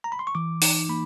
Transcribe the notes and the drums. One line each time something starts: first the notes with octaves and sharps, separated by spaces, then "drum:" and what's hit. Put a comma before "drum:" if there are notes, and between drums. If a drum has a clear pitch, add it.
A#5
B5
C6
C#6
E3 D6
D#4, drum: open hi-hat
A#3 B5